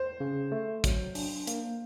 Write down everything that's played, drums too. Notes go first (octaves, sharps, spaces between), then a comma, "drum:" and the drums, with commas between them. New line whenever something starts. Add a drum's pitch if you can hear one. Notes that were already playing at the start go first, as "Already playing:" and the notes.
Already playing: C5
C#3
A3
F#3, drum: kick, hi-hat
D4, drum: open hi-hat
A#3, drum: hi-hat